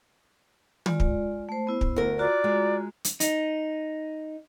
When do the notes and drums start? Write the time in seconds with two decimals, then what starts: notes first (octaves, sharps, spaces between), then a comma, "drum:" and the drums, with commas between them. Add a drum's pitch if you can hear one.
0.86 G#3 F4 D5, drum: tom
1.00 drum: kick
1.49 A3 C5
1.67 B3 E4 C5
1.81 drum: kick
1.96 D2 A#4
2.19 F4 F#4 D5 A#5
2.44 G#3
3.04 drum: hi-hat
3.20 D#4, drum: hi-hat